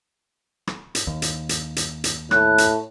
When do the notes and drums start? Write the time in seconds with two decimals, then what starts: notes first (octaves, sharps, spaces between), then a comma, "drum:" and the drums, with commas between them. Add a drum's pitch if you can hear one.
0.67 drum: rim click
0.95 drum: hi-hat
1.07 D#2
1.22 drum: hi-hat
1.49 drum: hi-hat
1.76 drum: hi-hat
2.04 drum: hi-hat
2.31 A2 F#6, drum: rim click
2.58 drum: hi-hat